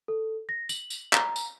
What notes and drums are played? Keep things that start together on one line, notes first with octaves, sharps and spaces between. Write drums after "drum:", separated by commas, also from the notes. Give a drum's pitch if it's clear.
A4
A#6
F#7, drum: tambourine
drum: tambourine
A#5, drum: clap
drum: tambourine